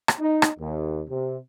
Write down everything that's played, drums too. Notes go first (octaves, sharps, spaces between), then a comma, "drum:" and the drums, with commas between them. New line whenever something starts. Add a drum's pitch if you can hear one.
drum: rim click
D#4
drum: rim click
D#2
C3